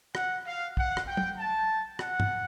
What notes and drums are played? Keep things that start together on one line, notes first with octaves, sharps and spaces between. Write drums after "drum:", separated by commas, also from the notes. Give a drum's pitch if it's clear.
F#5, drum: rim click
F5
F#5, drum: kick
drum: rim click
G5
drum: tom
A5
F#5, drum: rim click
drum: tom G2